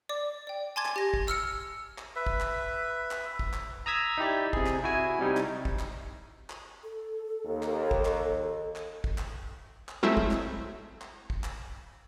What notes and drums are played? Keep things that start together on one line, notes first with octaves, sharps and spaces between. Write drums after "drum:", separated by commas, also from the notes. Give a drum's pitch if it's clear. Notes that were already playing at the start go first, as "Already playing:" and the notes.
D5 D6
D5 G5
G#5 A5 C6 D6 G#6 A6
drum: clap
G4 A#6
drum: kick
E6 F6 C#7, drum: clap
drum: clap
B4 E5
drum: kick
drum: clap
drum: clap
drum: kick
drum: clap
A#5 D#6 E6 G#6 B6
D#4 E4 G4 D5
C3 G#4, drum: kick
drum: clap
E4 F#4 G#5
C3 G3 D#4
drum: clap
drum: kick
drum: clap
drum: clap
A4
D#2
drum: clap
drum: kick
drum: clap
drum: clap
drum: kick
drum: clap
drum: clap
F#3 G#3 A3 C4 E4 E5
drum: kick
drum: clap
drum: clap
drum: kick
drum: clap